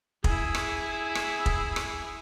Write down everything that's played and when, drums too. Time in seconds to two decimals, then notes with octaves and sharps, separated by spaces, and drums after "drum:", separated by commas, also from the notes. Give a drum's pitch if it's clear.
0.24 E4 G#4, drum: kick
0.55 drum: rim click
1.15 drum: rim click
1.46 drum: kick
1.76 drum: rim click